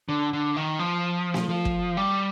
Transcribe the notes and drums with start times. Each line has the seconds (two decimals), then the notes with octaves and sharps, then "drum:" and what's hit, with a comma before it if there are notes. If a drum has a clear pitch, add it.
0.09 D3
0.33 D3
0.56 D#3
0.79 F3
1.34 drum: snare
1.49 F3
1.65 drum: kick
1.97 G3